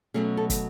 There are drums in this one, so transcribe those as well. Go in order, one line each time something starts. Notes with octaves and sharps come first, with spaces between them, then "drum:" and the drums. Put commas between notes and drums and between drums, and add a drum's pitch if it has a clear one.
B2 F#3 A3 C#4 G#4
A4
drum: kick, hi-hat